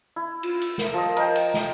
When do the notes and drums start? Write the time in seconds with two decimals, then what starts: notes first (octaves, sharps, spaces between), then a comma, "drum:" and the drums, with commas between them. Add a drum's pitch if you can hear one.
0.16 E4
0.43 F4, drum: cymbal
0.62 drum: cymbal
0.78 A#4, drum: snare
0.94 F3 D#5
1.17 A#4 D#5 G5, drum: cymbal
1.36 drum: cymbal
1.54 drum: snare